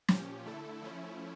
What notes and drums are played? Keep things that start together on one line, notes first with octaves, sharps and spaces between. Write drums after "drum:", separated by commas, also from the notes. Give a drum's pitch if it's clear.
A#2 F3 C#4 G4, drum: snare
D3 A3 E4 A4
F3 A3 C#4 E4